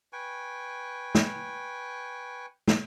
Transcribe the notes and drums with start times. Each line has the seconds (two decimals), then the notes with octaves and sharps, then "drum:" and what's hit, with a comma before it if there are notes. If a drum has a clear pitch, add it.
0.13 B4 G5 G#5 C#6
1.15 drum: snare
2.68 drum: snare